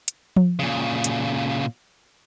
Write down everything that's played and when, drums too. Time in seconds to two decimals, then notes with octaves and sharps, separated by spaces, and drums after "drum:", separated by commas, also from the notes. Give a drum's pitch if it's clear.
0.08 drum: hi-hat
0.36 drum: tom F3
0.59 A#2 C#3
1.04 drum: hi-hat